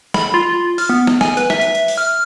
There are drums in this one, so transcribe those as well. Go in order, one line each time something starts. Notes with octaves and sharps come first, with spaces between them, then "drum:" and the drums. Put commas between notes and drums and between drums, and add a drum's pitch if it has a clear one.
B5, drum: snare
F4
F6, drum: open hi-hat
B3
drum: snare
G#5, drum: snare
B4, drum: hi-hat
E5, drum: snare
drum: hi-hat
drum: hi-hat
drum: open hi-hat
F6